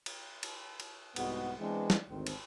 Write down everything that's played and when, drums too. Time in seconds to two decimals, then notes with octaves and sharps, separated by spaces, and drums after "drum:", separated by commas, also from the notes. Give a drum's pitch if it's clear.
0.06 drum: cymbal
0.43 drum: cymbal
0.80 drum: cymbal
1.16 C2 G#2 G#3 B3 F#4, drum: cymbal
1.59 E3 G#3 B3 C4 D4
1.90 drum: snare
2.09 G#1 D2 D#3 C4
2.27 drum: cymbal